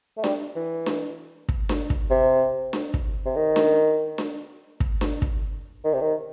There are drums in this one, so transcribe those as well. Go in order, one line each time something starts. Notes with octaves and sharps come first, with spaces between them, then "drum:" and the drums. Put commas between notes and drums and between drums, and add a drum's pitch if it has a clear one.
A3
G3, drum: snare D4
E3
drum: snare D4
drum: kick
drum: snare D4
drum: kick
C3
drum: snare D4
drum: kick
C3
D#3
drum: snare D4
drum: snare D4
drum: kick
drum: snare D4
drum: kick
D#3
C3
D#3